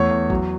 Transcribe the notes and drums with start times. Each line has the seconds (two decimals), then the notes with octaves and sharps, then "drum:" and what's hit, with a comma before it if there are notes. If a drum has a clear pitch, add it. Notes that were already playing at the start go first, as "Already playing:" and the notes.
Already playing: E2 A3 C#5
0.11 E2
0.30 F#3, drum: kick